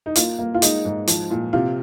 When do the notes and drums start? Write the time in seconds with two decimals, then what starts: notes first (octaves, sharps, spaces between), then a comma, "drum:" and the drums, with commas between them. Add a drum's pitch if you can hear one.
0.06 D#4
0.16 A#3 F4, drum: hi-hat
0.39 A#3
0.54 F4
0.62 G#3 D#4, drum: hi-hat
0.85 G#2
1.07 F3, drum: hi-hat
1.30 A#2
1.53 C3 F4